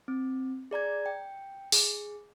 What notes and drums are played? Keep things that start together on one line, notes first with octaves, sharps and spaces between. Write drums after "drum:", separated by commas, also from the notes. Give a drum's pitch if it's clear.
C4
G#4 D5 A#5 G#6
G5
G#4, drum: open hi-hat